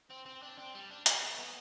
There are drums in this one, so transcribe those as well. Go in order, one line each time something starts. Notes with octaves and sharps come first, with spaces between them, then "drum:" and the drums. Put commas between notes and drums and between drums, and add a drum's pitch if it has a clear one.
C4
C4
D4
C4
G3
D4
D4, drum: hi-hat
B3
A3
B3